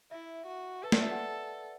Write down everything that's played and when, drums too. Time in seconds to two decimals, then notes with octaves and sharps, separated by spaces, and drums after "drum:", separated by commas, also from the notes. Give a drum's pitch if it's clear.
0.11 E4 E5
0.47 F#4
0.83 A4 B4
0.92 D5, drum: snare
1.01 E5
1.11 F#5